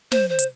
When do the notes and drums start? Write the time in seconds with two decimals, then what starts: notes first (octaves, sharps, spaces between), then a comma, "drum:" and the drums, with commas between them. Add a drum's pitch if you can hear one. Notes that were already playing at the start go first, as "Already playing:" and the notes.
0.12 C5, drum: snare
0.29 C5
0.39 drum: hi-hat